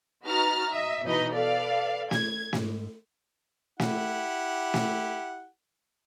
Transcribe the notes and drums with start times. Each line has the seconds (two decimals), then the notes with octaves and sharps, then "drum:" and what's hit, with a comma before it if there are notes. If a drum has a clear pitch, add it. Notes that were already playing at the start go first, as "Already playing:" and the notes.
0.25 D#4 F#4 B4 A#5 F6 A6
0.70 D#5 E5
1.05 B2 E3 D#4 B4 D#5 A#5
1.35 A4 B4 D5 F5
2.11 G#6, drum: snare
2.53 G#2, drum: snare
3.80 E4 G4 F#5, drum: snare
4.74 drum: snare